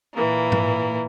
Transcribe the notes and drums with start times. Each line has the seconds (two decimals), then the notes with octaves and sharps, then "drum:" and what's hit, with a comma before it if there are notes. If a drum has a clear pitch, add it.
0.14 A#2 E3 A#3
0.52 drum: tom G#2